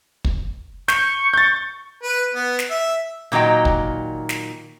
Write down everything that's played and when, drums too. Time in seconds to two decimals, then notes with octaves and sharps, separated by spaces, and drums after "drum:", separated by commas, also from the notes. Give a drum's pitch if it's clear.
0.25 drum: kick
0.88 C#6 G6, drum: snare
1.34 G6 A6
2.03 B4
2.34 B3
2.59 drum: snare
2.70 E5
3.32 A#2 D#3 F#3 D#5 G5
3.65 drum: kick
4.29 drum: snare